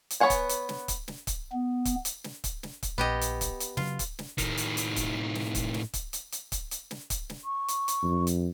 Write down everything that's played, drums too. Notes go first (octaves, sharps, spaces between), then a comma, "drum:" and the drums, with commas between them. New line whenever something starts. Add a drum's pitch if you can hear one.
drum: hi-hat
B3 C#5 F5 F#5 G#5
drum: kick C#1, hi-hat
drum: hi-hat
drum: snare
drum: kick C#1, hi-hat
drum: snare
drum: kick C#1, hi-hat
B3
drum: kick C#1, hi-hat
drum: hi-hat
drum: snare
drum: kick C#1, hi-hat
drum: snare
drum: kick C#1, hi-hat
A#1 B3 G4 D#5
drum: hi-hat
drum: kick C#1, hi-hat
drum: hi-hat
C#3 F#3 F4, drum: snare
drum: kick C#1, hi-hat
drum: snare
A2 D#3, drum: kick C#1, hi-hat
drum: hi-hat
drum: hi-hat
drum: kick C#1, hi-hat
drum: snare
drum: kick C#1, hi-hat
drum: snare
drum: kick C#1, hi-hat
drum: hi-hat
drum: hi-hat
drum: kick C#1, hi-hat
drum: hi-hat
drum: snare
drum: kick C#1, hi-hat
drum: snare
C#6
drum: hi-hat
drum: hi-hat
F2
drum: hi-hat